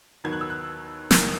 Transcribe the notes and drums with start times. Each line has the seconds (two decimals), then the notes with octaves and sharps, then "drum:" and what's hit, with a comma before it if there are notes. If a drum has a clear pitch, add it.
0.24 D#2 D#3 F#3 B3 G#6
0.33 F#6
0.41 E6
0.50 F#6
1.11 E1 E2 D#3 A#3 E6, drum: snare